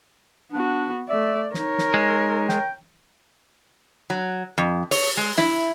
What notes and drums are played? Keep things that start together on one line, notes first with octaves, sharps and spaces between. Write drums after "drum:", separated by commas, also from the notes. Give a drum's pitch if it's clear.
B3 D4 F#4
A3 D5 E5
D#4 A#4 C#5, drum: snare
drum: snare
G#3
G5, drum: snare
F#3
F2
C#5, drum: open hi-hat
G#3
E4, drum: snare